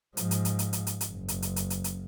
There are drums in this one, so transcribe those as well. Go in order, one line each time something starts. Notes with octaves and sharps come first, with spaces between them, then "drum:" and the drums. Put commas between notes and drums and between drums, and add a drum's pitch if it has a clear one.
G#2 F3, drum: hi-hat
drum: hi-hat
drum: hi-hat
drum: hi-hat
drum: hi-hat
drum: hi-hat
drum: hi-hat
F#1
drum: hi-hat
drum: hi-hat
drum: hi-hat
drum: hi-hat
drum: hi-hat